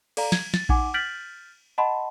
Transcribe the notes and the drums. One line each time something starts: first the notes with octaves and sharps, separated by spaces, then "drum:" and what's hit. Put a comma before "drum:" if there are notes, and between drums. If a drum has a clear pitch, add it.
A4 D5 F5 A#5, drum: cymbal
G#6, drum: snare
A6, drum: snare
D#4 F#5 G#5 D6, drum: kick A#1
F6 G6 A6 B6 D7 F#7
D#5 F#5 A5 B5 C6